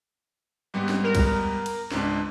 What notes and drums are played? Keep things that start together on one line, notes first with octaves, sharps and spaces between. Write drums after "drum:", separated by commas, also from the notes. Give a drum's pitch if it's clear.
G#2 G3 B3
drum: snare
A#4
drum: kick B1, cymbal
drum: cymbal
C#2 G#2 D4, drum: snare